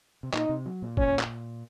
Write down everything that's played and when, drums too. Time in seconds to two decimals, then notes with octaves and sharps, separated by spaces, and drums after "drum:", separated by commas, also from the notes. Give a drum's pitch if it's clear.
0.23 C3
0.33 A#2 D#4, drum: clap
0.49 C3
0.66 F#3
0.82 A#2
0.97 C#4, drum: kick
1.19 drum: clap